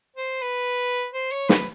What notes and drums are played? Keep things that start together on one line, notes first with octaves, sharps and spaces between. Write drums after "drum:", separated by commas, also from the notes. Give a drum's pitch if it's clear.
C5
B4
C5
C#5
B4, drum: snare